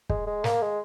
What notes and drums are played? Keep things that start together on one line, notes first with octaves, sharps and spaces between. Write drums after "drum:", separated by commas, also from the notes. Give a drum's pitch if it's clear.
G#3, drum: kick
G#3
A#3, drum: snare
G#3